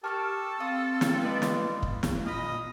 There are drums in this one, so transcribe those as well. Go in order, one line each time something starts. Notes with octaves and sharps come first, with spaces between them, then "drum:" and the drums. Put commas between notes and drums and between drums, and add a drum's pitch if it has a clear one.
G4 A4 A#4 A5 C#6 F6 G6 A6
C4 F5 D#6 F6
drum: snare
G#3 B3 B4 D5
drum: snare
drum: kick
drum: snare
A#2 D#5 F5 B5